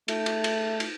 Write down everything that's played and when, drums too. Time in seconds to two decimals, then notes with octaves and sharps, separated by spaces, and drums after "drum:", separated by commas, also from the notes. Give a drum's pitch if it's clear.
0.08 A3, drum: cymbal
0.26 drum: cymbal
0.44 drum: cymbal
0.80 drum: cymbal